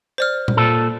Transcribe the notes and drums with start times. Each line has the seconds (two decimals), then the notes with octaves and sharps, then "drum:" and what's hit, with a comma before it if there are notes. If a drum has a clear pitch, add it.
0.18 C5 D5 F6
0.48 drum: tom A#2
0.57 A#2 A4